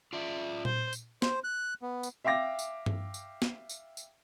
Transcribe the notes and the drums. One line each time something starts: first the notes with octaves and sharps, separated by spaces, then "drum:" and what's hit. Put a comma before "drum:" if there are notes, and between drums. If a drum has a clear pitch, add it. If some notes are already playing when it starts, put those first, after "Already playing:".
F4 D5 E5
C5, drum: tom A#2
drum: tambourine
C5, drum: snare
F#6
B3
drum: tambourine
E5 F5 G5 D6 A#6
drum: tambourine
drum: tom G2
drum: tambourine
drum: snare
drum: tambourine
drum: tambourine